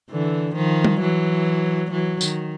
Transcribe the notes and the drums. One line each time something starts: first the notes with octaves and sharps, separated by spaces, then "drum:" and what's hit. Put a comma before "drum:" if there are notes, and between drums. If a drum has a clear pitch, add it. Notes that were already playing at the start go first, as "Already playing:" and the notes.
D3 E3
D#3 F3
drum: tom G3
E3 F#3
E3 F#3
D#3, drum: tambourine